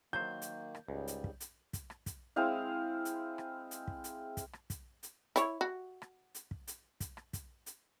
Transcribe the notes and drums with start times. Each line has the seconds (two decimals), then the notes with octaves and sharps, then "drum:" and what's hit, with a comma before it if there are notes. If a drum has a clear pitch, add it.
0.13 D#3 F#3 A#3 C5 G6
0.42 drum: hi-hat
0.75 drum: rim click
0.88 C#2 G#2 C#3 G3
1.07 drum: hi-hat
1.24 drum: kick
1.40 drum: hi-hat
1.73 drum: kick, hi-hat
1.90 drum: rim click
2.06 drum: kick, hi-hat
2.36 G#3 C4 E4 F5
3.05 drum: hi-hat
3.38 drum: rim click
3.71 drum: hi-hat
3.87 drum: kick
4.04 drum: hi-hat
4.37 drum: kick, hi-hat
4.53 drum: rim click
4.70 drum: kick, hi-hat
5.03 drum: hi-hat
5.36 E4 C#5, drum: hi-hat
5.61 F#4
6.02 drum: rim click
6.35 drum: hi-hat
6.51 drum: kick
6.67 drum: hi-hat
7.00 drum: kick, hi-hat
7.17 drum: rim click
7.33 drum: kick, hi-hat
7.66 drum: hi-hat